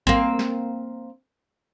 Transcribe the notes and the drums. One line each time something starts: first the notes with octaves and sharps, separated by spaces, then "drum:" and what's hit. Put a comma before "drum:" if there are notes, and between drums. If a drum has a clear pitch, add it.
A#3 C4, drum: kick A1
drum: snare